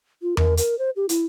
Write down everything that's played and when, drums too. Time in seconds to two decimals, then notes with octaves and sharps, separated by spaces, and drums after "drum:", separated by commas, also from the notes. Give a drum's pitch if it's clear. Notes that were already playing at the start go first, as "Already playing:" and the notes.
0.22 F4
0.37 A#4, drum: tom E2
0.57 A#4, drum: hi-hat
0.79 C5
0.96 G4
1.09 E4, drum: hi-hat